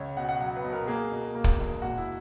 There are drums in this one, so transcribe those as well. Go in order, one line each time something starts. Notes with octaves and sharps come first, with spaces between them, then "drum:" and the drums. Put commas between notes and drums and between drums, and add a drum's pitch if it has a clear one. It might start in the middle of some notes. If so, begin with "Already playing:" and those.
Already playing: C#2 C#5
B2 F#5
F#5
F#3 F#5
B4
B2
A#4
A#3 G#4
B2
A#3
drum: kick
E1
A#2 F#4
E4